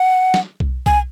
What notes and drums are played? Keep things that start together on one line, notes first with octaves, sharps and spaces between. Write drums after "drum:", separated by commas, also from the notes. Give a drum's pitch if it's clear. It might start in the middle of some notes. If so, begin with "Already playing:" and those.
Already playing: F#5
drum: snare
drum: kick B1
G#5, drum: kick B1